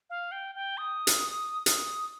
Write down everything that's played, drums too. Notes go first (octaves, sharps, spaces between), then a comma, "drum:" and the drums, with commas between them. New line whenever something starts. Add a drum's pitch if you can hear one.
F5
G5
G5
D#6
drum: hi-hat
D#6, drum: hi-hat